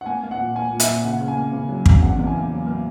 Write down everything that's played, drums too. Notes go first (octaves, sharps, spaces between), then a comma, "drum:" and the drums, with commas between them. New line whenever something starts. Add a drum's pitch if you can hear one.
F#5
A#3 G#5
A#3
F#5
A#2
A#3 G#5
A#2
E5, drum: hi-hat
A#2
C#3 F#5
C#3
G#5
A#3
C#3
F#3
C#3, drum: kick
E2 F#5
E2
G#5
A#3
F#3
A#3